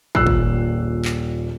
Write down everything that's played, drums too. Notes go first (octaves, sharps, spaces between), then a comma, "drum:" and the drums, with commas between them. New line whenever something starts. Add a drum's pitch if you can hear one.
D#1 A#1 E6 F#6 C7, drum: kick
drum: kick
drum: clap